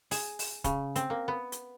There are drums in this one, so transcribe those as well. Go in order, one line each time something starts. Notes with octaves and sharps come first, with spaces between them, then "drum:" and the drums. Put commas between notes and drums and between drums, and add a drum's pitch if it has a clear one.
G#4, drum: open hi-hat
drum: open hi-hat
C#3, drum: kick, hi-hat
C4, drum: hi-hat
A#3
B3
drum: hi-hat